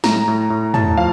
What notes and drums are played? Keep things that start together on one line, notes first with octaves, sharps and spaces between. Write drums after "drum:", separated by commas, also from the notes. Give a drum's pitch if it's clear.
A2 A#5, drum: snare
A2
A2
A2 A5, drum: tom
F3 F5